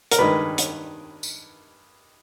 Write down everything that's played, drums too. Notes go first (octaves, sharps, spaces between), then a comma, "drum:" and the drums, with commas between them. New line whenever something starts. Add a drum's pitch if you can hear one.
A#4, drum: hi-hat
G2 D#3 G#3 B4
drum: hi-hat
drum: tambourine